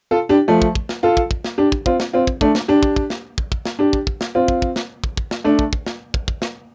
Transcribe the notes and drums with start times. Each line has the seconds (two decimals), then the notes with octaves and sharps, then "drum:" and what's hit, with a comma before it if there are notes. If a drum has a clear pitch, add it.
0.11 F4 A4
0.29 D4 G4
0.48 F3 A3
0.62 drum: kick
0.75 drum: kick
0.89 drum: snare
1.03 F4 A4
1.17 drum: kick
1.31 drum: kick
1.44 drum: snare
1.58 D4 G4
1.72 drum: kick
1.86 C4 F4, drum: kick
2.00 drum: snare
2.13 C4 F4
2.27 drum: kick
2.41 A3 D4, drum: kick
2.55 drum: snare
2.68 D4 G4
2.83 drum: kick
2.96 drum: kick
3.10 drum: snare
3.38 drum: kick
3.52 drum: kick
3.65 drum: snare
3.79 D4 G4
3.93 drum: kick
4.07 drum: kick
4.21 drum: snare
4.35 C4 F4
4.48 drum: kick
4.62 drum: kick
4.76 drum: snare
5.04 drum: kick
5.17 drum: kick
5.31 drum: snare
5.44 A3 D4
5.59 drum: kick
5.73 drum: kick
5.86 drum: snare
6.14 drum: kick
6.28 drum: kick
6.42 drum: snare